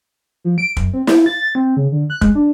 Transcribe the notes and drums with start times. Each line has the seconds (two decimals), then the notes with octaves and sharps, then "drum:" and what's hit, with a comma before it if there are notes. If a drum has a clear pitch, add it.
0.45 F3
0.58 D7
0.77 F#2, drum: kick
0.94 C4
1.07 E4, drum: snare
1.26 A6
1.55 C4
1.77 C#3
1.92 D3
2.10 F#6
2.22 G#3, drum: kick
2.35 D4